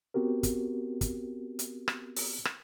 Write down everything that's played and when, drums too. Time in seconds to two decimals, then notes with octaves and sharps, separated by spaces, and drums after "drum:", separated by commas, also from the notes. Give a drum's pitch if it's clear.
0.14 B3 C4 F#4 G4 A#4
0.43 drum: kick, hi-hat
1.01 drum: kick, hi-hat
1.59 drum: hi-hat
1.88 drum: rim click
2.17 drum: open hi-hat
2.45 drum: rim click